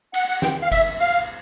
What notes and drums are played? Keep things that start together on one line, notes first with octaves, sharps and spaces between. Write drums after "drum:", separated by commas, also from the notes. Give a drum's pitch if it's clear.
F#5, drum: cymbal
F#5
G5, drum: snare
F5
E5, drum: kick, cymbal
F5